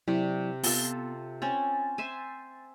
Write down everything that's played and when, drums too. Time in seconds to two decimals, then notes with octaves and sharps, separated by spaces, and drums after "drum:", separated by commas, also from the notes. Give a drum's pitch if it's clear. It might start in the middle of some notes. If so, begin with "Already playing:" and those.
0.08 C3 F#3 E4 D5
0.63 B3 F4 A4, drum: open hi-hat
1.42 C4 C#4 A6
1.98 C5 E5 G#5